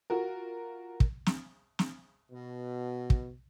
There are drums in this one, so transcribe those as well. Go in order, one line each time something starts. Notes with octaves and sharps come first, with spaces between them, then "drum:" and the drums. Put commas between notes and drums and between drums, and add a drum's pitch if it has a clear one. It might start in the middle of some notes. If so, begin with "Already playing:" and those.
F4 F#4 A#4
drum: kick
drum: snare
drum: snare
B2
drum: kick